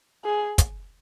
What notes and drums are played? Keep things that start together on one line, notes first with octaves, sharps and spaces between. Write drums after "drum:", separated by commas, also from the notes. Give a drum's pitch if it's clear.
G#4
drum: kick, hi-hat